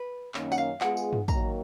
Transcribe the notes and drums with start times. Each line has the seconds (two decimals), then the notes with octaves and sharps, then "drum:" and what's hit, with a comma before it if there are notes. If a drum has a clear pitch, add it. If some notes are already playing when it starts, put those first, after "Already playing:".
Already playing: B4
0.34 F#2 D#3 A#3 C#4, drum: clap
0.52 F#5, drum: tambourine
0.58 F5
0.81 G#3 B3 F4 G#4 F#5, drum: clap
0.97 drum: tambourine
1.13 drum: tom G2
1.28 D#3 F#3 A#3 A#5, drum: kick, tambourine